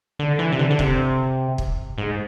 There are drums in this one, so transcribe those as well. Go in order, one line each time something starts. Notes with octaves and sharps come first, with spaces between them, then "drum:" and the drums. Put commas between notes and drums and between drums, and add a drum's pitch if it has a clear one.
D3
E3
C3
D3
D3
C3, drum: kick
drum: kick
G#2